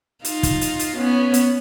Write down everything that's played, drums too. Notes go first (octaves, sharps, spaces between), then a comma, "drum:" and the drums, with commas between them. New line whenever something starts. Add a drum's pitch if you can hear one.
D#4 F4, drum: hi-hat
drum: kick, hi-hat
drum: hi-hat
drum: hi-hat
B3 C#4
drum: hi-hat